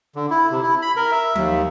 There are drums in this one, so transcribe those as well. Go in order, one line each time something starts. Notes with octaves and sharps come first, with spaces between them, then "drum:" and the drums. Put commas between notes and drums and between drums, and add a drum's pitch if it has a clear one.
D3
E4
C3
E4
B5
A#4
E5
D#2, drum: tom F3